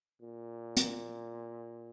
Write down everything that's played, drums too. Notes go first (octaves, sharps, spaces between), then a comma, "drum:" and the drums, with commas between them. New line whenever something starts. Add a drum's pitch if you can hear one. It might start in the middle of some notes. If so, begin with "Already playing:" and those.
A#2
drum: hi-hat